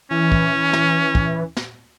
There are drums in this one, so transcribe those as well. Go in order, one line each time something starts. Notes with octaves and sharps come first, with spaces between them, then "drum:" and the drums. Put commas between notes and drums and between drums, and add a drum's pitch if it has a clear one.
E3 C#4
drum: kick
drum: snare
drum: kick
drum: snare